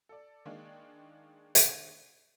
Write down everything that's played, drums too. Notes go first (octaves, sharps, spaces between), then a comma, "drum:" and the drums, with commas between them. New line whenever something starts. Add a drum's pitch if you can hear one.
A4 D5
D#3 G#3 A#3 D4
drum: hi-hat